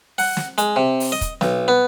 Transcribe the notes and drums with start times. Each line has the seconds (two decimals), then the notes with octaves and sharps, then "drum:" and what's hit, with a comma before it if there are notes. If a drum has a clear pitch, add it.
0.18 F#5, drum: open hi-hat
0.37 drum: snare
0.58 G#3, drum: hi-hat
0.76 C3
1.00 drum: open hi-hat
1.12 D#5
1.21 drum: kick, hi-hat
1.41 B1, drum: snare
1.68 B3